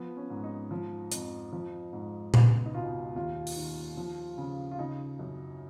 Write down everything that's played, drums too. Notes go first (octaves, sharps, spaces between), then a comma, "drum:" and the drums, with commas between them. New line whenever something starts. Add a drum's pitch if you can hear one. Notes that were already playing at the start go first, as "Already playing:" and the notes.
Already playing: F3 B3
C#4
G#2
D#4
F3
F2, drum: hi-hat
F3
G#2
C#2 B3, drum: tom A#2
D#4
B2 F4
D#2 F4
drum: open hi-hat
D#3
F3
C#3
F4
C#3 D#4
F#2